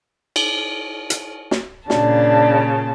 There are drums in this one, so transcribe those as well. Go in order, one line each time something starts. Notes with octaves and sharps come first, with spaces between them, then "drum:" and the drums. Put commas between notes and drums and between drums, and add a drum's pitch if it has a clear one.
drum: cymbal
drum: hi-hat
drum: snare
A#2 C#3 D4 A5, drum: snare